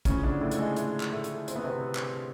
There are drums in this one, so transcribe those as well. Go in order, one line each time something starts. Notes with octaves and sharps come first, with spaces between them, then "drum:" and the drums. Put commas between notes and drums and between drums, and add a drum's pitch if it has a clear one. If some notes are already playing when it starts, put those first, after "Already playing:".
A2 C#3 F3 C#4, drum: kick, hi-hat
D3 D4
A2 A3
A3, drum: hi-hat
G#3
G#3, drum: hi-hat
drum: clap
A2 A3
drum: hi-hat
C4, drum: hi-hat
B3
C3 C4
drum: clap